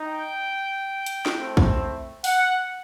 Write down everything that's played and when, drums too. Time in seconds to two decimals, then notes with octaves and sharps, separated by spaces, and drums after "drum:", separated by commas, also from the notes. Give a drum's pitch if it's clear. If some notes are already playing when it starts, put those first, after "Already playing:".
Already playing: D#4
0.08 G5
1.06 drum: hi-hat
1.26 drum: snare
1.38 A3 C4 E4
1.57 drum: kick
2.24 F#5, drum: open hi-hat